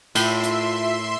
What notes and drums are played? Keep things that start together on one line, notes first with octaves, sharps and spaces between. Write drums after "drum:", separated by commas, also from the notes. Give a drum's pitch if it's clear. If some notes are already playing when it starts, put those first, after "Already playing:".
A2 F4 E5 C6, drum: cymbal
drum: hi-hat